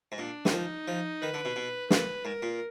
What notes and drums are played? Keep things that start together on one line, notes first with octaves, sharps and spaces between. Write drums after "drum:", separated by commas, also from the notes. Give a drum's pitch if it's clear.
G#2
A#2 D4
D#3, drum: snare
F3 D#4
F3
D#3 B4
D3
B2
B2
A#2 B4, drum: snare
G#2 A#4
A#2